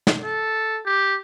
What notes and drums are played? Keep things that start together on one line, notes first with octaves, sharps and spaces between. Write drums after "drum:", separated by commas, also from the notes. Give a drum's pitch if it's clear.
drum: snare
A4
G4